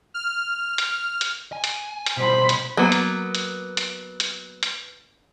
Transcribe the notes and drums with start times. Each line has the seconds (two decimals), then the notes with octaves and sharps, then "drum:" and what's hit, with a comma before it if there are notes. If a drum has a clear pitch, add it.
0.14 F6
0.78 drum: hi-hat
1.21 drum: hi-hat
1.53 G#5
1.64 drum: hi-hat
2.06 drum: hi-hat
2.17 B2 G3 C5 B5
2.49 drum: hi-hat
2.77 F#3 A#3 B3
2.92 drum: hi-hat
3.35 drum: hi-hat
3.77 drum: hi-hat
4.20 drum: hi-hat
4.63 drum: hi-hat